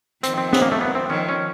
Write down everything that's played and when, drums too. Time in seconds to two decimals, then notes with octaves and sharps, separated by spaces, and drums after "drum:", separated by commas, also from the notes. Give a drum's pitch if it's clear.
0.23 D#3 F3 C4, drum: hi-hat
0.38 C4
0.53 B3, drum: snare
0.62 A#3
0.72 A3
0.81 B3
0.95 C4
1.09 D#3 F3 C#4
1.29 C#4